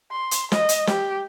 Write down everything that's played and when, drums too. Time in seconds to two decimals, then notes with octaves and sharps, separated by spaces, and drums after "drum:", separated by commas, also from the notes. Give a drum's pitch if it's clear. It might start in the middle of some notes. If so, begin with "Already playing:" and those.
0.12 C6
0.31 drum: hi-hat
0.52 D#5, drum: snare
0.69 drum: hi-hat
0.87 G4, drum: snare